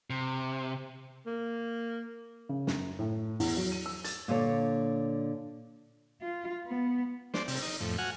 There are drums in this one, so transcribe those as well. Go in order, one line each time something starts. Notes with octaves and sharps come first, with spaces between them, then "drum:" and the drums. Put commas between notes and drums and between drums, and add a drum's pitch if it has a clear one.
C3
A#3
C#3
F#2, drum: snare
A2
E2, drum: open hi-hat
F#3
D#7
E6
A6, drum: hi-hat
A#2 D3 C#5
F4
B3
C5 D5, drum: snare
C3, drum: open hi-hat
D#4
F2 A2
F#4 F#5 G#5 F6